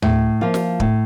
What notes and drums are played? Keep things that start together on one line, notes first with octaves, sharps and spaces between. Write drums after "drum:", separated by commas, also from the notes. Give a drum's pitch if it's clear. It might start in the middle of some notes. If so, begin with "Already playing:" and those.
A2, drum: tom
F3 A#3 F4
drum: snare
A2, drum: kick